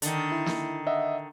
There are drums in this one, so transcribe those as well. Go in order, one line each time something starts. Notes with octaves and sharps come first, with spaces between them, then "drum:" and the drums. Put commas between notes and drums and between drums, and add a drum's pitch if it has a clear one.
D3 D#3, drum: hi-hat
E4
drum: snare
D#5 E5 F#5